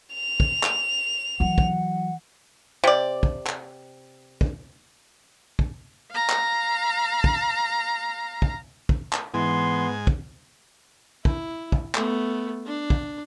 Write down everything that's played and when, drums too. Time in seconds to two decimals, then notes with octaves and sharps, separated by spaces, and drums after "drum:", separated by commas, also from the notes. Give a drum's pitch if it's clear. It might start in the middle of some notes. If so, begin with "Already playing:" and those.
0.14 F7
0.40 drum: kick
0.63 drum: clap
1.40 E3 F#3 F#5
1.58 drum: kick
2.84 C3 D5
3.23 drum: kick
3.47 drum: clap
4.41 drum: kick
5.59 drum: kick
6.11 F5 A#5
6.30 drum: clap
7.24 drum: kick
8.42 drum: kick
8.89 drum: kick
9.13 drum: clap
9.34 G#2 E3 B3 G#5 C6
10.07 drum: kick
11.25 E4, drum: kick
11.72 drum: kick
11.95 A3 B3, drum: clap
12.66 D4
12.90 drum: kick